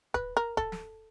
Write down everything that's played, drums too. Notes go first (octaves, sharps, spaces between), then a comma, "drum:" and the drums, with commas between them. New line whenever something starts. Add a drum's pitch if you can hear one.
B4, drum: kick D1
A#4
A4, drum: kick D1
drum: snare